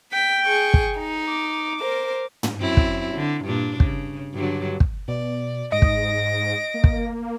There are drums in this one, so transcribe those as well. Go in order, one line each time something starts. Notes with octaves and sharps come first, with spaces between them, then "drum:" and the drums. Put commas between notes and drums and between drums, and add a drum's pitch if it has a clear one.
G5 B6
G#4 C#6
drum: kick
D#4
D6
A#4 C5
drum: tom
F#2 C4 E4
drum: kick
D3
G2 A#2 D4
C#3, drum: kick
G2 D3 F#3
drum: kick
B2 D5
G#2 D#5 A#6 D7
drum: kick
A#3
drum: kick